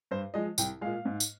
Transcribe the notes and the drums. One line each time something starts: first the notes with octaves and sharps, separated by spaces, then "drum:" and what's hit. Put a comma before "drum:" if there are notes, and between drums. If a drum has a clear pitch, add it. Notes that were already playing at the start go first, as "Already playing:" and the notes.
G2 C5
F3 G#3 D#5
C2 G5, drum: tambourine
A#2 G#3 F5
G#2
drum: tambourine